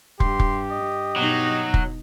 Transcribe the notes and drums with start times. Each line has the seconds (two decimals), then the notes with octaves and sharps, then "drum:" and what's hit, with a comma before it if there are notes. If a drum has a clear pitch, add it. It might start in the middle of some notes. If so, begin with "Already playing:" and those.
0.20 G2 G4 C6, drum: kick
0.39 drum: kick
0.71 D#5
1.16 B2 F#3 D#4
1.74 drum: kick